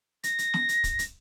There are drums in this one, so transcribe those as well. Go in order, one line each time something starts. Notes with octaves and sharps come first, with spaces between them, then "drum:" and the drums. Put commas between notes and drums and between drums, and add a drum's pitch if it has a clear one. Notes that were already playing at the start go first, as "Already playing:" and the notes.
A#6, drum: hi-hat
drum: hi-hat
drum: snare
drum: hi-hat
drum: kick, hi-hat
drum: hi-hat